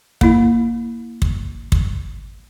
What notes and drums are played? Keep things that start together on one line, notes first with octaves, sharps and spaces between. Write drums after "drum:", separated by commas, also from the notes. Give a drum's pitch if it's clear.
A#3 E4, drum: kick
drum: kick
drum: kick